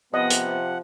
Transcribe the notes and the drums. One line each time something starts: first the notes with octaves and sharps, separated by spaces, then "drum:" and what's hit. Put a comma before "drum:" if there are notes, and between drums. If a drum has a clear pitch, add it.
C3 F3 B3 D#5 F#5
drum: hi-hat